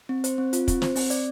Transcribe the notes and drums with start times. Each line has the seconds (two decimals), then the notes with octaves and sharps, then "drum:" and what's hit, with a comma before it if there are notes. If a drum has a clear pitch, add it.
0.09 C4
0.24 C5, drum: hi-hat
0.38 C4
0.53 F4, drum: hi-hat
0.68 C4, drum: kick, hi-hat
0.82 C5, drum: snare
0.96 C4, drum: open hi-hat
1.10 D5, drum: hi-hat